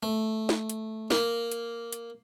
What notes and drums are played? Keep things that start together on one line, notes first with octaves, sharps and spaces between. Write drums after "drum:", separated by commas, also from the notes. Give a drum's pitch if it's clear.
A3
drum: snare
drum: hi-hat
A#3, drum: snare
drum: hi-hat
drum: hi-hat